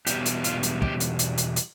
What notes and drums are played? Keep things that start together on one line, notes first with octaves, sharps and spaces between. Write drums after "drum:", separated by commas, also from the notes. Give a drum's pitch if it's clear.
E2 B2 G3 G4, drum: hi-hat
drum: hi-hat
F4, drum: hi-hat
drum: hi-hat
G4, drum: kick
drum: hi-hat
drum: hi-hat
drum: hi-hat
drum: hi-hat